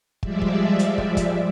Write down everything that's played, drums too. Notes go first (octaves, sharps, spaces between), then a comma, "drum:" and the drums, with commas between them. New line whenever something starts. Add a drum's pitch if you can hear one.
F3 G3 G#3 D5 E5, drum: kick
drum: kick
drum: hi-hat
drum: kick
drum: kick, hi-hat